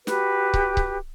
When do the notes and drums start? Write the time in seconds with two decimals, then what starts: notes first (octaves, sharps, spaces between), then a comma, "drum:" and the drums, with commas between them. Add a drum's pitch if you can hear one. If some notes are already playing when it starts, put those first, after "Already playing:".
0.07 F#4 G4 B4, drum: snare
0.54 drum: kick C#1
0.77 drum: kick C#1